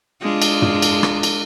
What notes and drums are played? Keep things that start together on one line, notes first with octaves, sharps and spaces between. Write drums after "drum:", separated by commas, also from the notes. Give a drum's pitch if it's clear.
G#3 D4 F4
drum: cymbal
drum: tom
drum: cymbal
drum: rim click
drum: cymbal